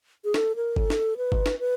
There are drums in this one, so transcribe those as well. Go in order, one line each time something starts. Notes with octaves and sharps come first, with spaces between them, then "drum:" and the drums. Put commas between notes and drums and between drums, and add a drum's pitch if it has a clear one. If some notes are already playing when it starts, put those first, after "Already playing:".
G#4
A4, drum: snare
A#4
A4, drum: kick G1
drum: snare
B4
drum: kick G1
drum: snare
B4